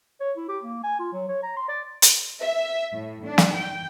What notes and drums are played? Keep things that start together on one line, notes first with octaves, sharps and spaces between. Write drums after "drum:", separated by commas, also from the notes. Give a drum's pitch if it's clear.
C#5
E4
G4
A#3
G#5
F4
F#3
C#5
A#5
C6
D5
drum: hi-hat
E5
A2
D4
drum: snare
G5